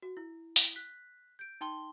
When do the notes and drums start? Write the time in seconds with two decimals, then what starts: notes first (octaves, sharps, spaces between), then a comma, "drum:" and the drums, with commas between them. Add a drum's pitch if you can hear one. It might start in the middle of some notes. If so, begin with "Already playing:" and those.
0.02 F#4
0.17 E4
0.56 drum: open hi-hat
0.76 F#6 B6
1.39 G6 D7
1.61 D#4 G5 A5 C6 G7